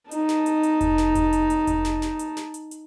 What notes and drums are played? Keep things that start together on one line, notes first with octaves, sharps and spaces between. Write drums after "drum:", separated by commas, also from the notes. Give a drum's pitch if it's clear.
D#4 A5, drum: hi-hat
drum: snare
drum: hi-hat
drum: hi-hat
drum: kick F1, hi-hat
drum: snare
drum: kick F1, hi-hat
drum: hi-hat
drum: hi-hat
drum: kick F1, hi-hat
drum: snare
drum: snare
drum: hi-hat
drum: snare
drum: hi-hat
drum: hi-hat